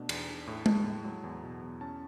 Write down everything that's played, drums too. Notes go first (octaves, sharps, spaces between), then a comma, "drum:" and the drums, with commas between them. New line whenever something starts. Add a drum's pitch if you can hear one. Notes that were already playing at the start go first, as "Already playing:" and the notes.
Already playing: B2 A3 D4
E2, drum: cymbal
D4
A2
G#3 A5, drum: tom G#3
A2
F#3
E2
B2
E2
C#4 A5